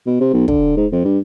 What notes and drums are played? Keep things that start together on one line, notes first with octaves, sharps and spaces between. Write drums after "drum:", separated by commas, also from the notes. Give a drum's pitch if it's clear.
B2
C3
B1
D3, drum: kick
G#2
F2
G2